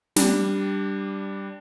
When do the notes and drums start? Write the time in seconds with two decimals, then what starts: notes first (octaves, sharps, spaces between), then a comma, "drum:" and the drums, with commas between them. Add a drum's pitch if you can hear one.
0.16 G3 D4, drum: snare